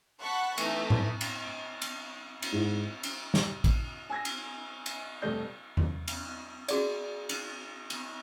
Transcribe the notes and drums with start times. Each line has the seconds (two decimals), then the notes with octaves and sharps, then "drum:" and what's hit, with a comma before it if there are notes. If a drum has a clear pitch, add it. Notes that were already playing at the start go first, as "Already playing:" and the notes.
0.21 F#5 A5 B5 C#6 F#6
0.58 E3 A3 D#4, drum: cymbal
0.90 drum: tom A2
1.21 drum: cymbal
1.44 D7
1.82 drum: cymbal
2.42 drum: cymbal
2.52 G#2 E4
3.03 drum: cymbal
3.34 drum: snare
3.64 drum: kick, cymbal
4.10 G#5 E6 G#6 A#6
4.25 drum: cymbal
4.86 drum: cymbal
5.22 F1 G3 A3 D#5 G6
5.77 drum: tom E2
6.08 drum: cymbal
6.68 F#4 G#4 D5, drum: cymbal
7.29 drum: cymbal
7.90 drum: cymbal